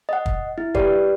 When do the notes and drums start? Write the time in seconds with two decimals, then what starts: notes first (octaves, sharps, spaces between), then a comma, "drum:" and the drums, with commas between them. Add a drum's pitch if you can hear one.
0.09 D#5 F#5
0.26 drum: kick
0.58 E4
0.75 G4 B4 D5, drum: kick